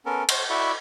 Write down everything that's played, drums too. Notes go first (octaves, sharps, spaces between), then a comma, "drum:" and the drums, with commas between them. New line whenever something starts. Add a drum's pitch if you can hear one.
B3 C#4 A4 A#4
C5 C#5, drum: cymbal
E4 F#4 D5 E5 B5 C#6